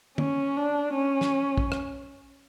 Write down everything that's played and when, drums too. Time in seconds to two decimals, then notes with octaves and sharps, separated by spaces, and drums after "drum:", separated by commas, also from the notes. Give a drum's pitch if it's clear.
0.18 C#4, drum: tom
0.57 D4
0.95 C#4
1.21 drum: snare
1.58 drum: kick
1.72 drum: rim click